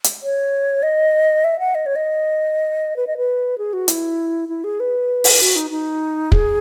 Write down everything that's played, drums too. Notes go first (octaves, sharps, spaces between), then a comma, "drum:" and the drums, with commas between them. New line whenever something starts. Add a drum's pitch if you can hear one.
drum: hi-hat
C#5
D#5
E5
F#5
D#5
C#5
D#5
B4
D#5
B4
G#4
F#4
E4, drum: hi-hat
E4
G#4
B4
drum: open hi-hat
F#4
D#4
D#4
G#4, drum: kick